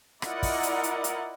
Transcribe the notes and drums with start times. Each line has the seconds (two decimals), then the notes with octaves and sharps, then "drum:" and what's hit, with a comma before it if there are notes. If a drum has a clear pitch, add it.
0.22 E4 F4 A#4 D5 D#5 F#5, drum: rim click
0.43 drum: kick, open hi-hat
0.63 drum: hi-hat
0.83 drum: hi-hat
1.04 drum: hi-hat